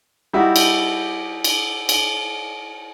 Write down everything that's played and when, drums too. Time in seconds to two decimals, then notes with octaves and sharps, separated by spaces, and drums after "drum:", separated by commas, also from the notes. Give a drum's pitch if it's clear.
0.33 G3 D#4 E4 F#4 G4
0.56 drum: cymbal
1.44 drum: cymbal
1.89 drum: cymbal